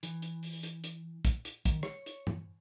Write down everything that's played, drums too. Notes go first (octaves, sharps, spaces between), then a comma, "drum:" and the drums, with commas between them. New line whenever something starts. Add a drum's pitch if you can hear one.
E3, drum: hi-hat
drum: hi-hat
drum: open hi-hat
drum: hi-hat
drum: hi-hat
drum: kick, hi-hat
drum: hi-hat
D#3, drum: kick, hi-hat
C#5, drum: rim click
drum: hi-hat
drum: tom G2